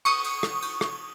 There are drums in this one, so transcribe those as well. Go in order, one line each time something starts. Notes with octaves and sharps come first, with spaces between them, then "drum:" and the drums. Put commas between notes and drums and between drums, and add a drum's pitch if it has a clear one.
C#6 D#6, drum: cymbal
drum: cymbal
drum: rim click
drum: cymbal
drum: rim click